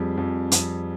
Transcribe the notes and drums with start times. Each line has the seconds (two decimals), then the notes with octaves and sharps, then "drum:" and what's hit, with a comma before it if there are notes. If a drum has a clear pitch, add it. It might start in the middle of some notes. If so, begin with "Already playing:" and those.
Already playing: F2 G3 G#4
0.17 F2
0.52 F2, drum: hi-hat